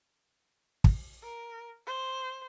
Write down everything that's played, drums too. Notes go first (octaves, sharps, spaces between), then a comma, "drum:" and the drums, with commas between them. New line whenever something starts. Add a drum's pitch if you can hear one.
drum: kick
A#4
C5